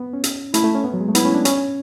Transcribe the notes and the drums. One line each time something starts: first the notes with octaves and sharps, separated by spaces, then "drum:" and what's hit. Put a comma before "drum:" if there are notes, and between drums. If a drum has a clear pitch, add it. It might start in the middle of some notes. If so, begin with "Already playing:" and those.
Already playing: B3
C#4
drum: hi-hat
A3 E4, drum: hi-hat
A3
C#4
B3
F#3
G#3
A3
B3 E4, drum: hi-hat
C#4
D4
C#4, drum: hi-hat